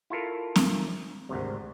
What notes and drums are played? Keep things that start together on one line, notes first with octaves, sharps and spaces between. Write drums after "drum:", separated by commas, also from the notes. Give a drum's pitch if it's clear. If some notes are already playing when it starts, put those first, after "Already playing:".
E4 F4 A4 A#4
drum: snare
G#1 D2 C3